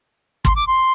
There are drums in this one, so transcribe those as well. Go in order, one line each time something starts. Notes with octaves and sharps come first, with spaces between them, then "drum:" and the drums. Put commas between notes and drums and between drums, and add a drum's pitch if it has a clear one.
C6, drum: kick
D6
C6